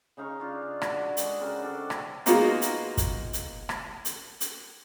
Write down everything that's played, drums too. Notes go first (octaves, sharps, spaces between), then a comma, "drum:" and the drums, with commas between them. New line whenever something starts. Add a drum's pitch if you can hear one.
C#3 D#4 F5 C#6
D4 F4
D4 F#4 B4, drum: rim click
G#3, drum: hi-hat
C#3 C4 F#4 A#4
D4 A4 D6
drum: rim click
G#3 A#3 B3 D#4 F4 F#4, drum: hi-hat
drum: hi-hat
drum: kick, hi-hat
drum: hi-hat
drum: rim click
drum: hi-hat
drum: hi-hat